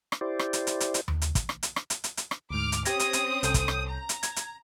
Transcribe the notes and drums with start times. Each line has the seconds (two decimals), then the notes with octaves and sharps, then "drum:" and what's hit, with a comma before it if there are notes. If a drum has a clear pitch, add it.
0.12 drum: rim click
0.21 E4 G4 C5 D5
0.39 drum: rim click
0.53 drum: hi-hat
0.67 drum: hi-hat
0.80 drum: hi-hat
0.94 drum: hi-hat
1.08 drum: tom D#2
1.22 drum: hi-hat
1.35 drum: kick, hi-hat
1.49 drum: rim click
1.63 drum: hi-hat
1.76 drum: rim click
1.90 drum: hi-hat
2.04 drum: hi-hat
2.17 drum: hi-hat
2.31 drum: rim click
2.51 D2 G#2 D6 F6
2.72 drum: hi-hat
2.85 C4 C#4 G4 D#6 G#6 A#6, drum: hi-hat
2.99 drum: hi-hat
3.13 drum: hi-hat
3.43 C2 A4 G6, drum: hi-hat
3.54 drum: kick, hi-hat
3.68 drum: rim click
3.90 A#5
4.09 drum: hi-hat
4.23 G#6, drum: hi-hat
4.36 drum: hi-hat